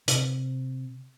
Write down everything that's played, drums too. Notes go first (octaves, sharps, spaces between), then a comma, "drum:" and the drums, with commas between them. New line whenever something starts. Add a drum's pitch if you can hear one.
C3, drum: hi-hat